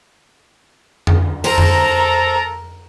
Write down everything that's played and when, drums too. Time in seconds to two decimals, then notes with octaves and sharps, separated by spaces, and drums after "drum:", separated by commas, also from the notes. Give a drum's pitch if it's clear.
1.07 drum: tom F2
1.44 A4 A#4 C5 A#5, drum: open hi-hat
1.58 drum: tom F2